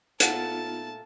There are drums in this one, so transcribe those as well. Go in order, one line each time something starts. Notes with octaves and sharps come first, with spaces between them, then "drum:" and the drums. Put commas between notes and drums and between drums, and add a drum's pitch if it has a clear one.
A#2 A3 B3 D#4 F4 F#5 A5, drum: hi-hat